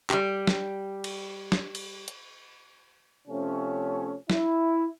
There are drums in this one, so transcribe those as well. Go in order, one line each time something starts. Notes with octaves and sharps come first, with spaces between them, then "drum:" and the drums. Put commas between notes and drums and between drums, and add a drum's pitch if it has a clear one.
G3 G4, drum: clap
drum: snare
drum: cymbal
drum: snare
drum: cymbal
drum: hi-hat
C3 F3 A3 C#4
E4, drum: snare